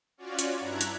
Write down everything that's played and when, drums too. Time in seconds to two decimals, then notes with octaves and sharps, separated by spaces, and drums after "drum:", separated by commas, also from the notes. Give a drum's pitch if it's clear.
0.18 C#4 F4 F#4 C#5 D5
0.39 drum: hi-hat
0.57 G2 D4 E4 A#5 F#6 G#6
0.81 drum: hi-hat